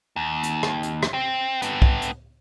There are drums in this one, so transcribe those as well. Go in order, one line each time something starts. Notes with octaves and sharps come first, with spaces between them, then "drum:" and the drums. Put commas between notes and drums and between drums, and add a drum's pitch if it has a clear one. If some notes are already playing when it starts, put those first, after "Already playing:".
D#2
drum: hi-hat
drum: rim click
drum: hi-hat
drum: rim click
C4
G2 B3, drum: hi-hat
drum: kick
drum: hi-hat